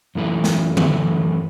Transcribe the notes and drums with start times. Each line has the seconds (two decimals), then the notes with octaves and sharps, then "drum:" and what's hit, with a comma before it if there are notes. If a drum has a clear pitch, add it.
0.15 F#2 E3 A3 E4 B4
0.44 drum: snare
0.77 F#2 E3 A3 E4 B4, drum: tom D3